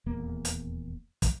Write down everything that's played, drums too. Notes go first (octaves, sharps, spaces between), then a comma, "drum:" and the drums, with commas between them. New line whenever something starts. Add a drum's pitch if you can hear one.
D#1 E2 A#3
drum: hi-hat
drum: kick, hi-hat